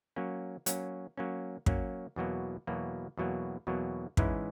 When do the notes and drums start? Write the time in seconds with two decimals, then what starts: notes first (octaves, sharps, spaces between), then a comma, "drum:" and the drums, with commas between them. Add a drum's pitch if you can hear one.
0.16 F#3 A#3 C#4
0.66 F#3 A#3 C#4, drum: hi-hat
1.17 F#3 A#3 C#4
1.66 F#3 A#3 C#4, drum: kick
2.16 E2 B2 F#3 A#3
2.67 E2 B2 F#3 A#3
3.18 E2 B2 F#3 A#3
3.67 E2 B2 F#3 A#3
4.17 G#2 E3 G#3 C#4 E4, drum: kick